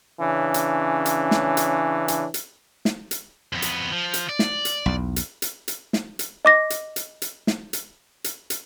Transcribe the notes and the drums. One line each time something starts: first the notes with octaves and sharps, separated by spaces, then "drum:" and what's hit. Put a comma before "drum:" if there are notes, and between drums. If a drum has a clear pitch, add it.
C#3 E3 C#4 D4
drum: hi-hat
drum: hi-hat
drum: snare
drum: hi-hat
drum: hi-hat
drum: hi-hat
drum: snare
drum: hi-hat
F2 B3
drum: hi-hat
F3
drum: hi-hat
D5
drum: snare
drum: hi-hat
B1 E2
drum: hi-hat
drum: hi-hat
drum: hi-hat
drum: snare
drum: hi-hat
D#5 D6 A#6
drum: hi-hat
drum: hi-hat
drum: hi-hat
drum: snare
drum: hi-hat
drum: hi-hat
drum: hi-hat